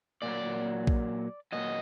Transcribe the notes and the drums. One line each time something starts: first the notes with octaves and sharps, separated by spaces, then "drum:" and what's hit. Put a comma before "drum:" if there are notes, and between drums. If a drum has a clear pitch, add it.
A#2 F#3 D5
drum: kick A#1
A#2 F#3 D#5